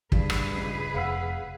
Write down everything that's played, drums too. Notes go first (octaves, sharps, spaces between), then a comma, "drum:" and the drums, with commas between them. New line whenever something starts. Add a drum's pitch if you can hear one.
G2 G#4 B4, drum: kick
drum: rim click
C#2
F1 F5 F#5 E6